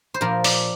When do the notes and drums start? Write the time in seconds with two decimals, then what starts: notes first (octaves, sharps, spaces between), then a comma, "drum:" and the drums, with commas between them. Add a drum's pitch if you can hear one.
0.14 C5
0.21 A#2 F3 A#4
0.44 D5, drum: open hi-hat